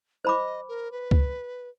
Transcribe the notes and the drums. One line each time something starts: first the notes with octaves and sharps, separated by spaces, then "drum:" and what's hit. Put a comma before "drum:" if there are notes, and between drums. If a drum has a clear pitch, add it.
C5 D#5 B5 D6
A#4
B4
drum: kick